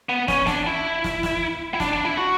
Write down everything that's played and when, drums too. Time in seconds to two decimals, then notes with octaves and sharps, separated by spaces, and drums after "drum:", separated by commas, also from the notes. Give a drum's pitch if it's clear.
0.09 B3
0.28 C#4, drum: snare
0.47 D4, drum: snare
0.67 E4
1.04 drum: snare
1.23 drum: snare
1.74 E4
1.80 D4, drum: snare
1.93 D4
2.06 E4
2.17 F#4